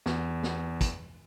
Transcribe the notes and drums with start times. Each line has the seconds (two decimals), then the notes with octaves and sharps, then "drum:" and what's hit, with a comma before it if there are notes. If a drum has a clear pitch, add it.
0.06 E2, drum: snare
0.43 drum: snare
0.81 drum: kick, hi-hat